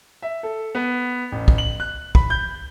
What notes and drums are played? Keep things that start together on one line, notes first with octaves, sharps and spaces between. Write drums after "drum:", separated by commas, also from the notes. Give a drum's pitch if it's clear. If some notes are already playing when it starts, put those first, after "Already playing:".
E5
A4
B3
A1
drum: kick
F#7
F#6
B5, drum: kick
G6